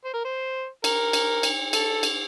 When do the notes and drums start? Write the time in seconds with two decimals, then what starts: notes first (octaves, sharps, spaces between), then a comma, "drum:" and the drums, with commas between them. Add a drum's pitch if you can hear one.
0.05 C5
0.13 A#4
0.24 C5
0.84 A#4, drum: cymbal
1.13 drum: cymbal
1.43 drum: cymbal
1.73 A4, drum: cymbal
2.03 drum: cymbal